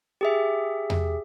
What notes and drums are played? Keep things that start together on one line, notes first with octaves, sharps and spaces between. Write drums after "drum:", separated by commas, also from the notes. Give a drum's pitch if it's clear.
G4 G#4 E5
drum: tom E2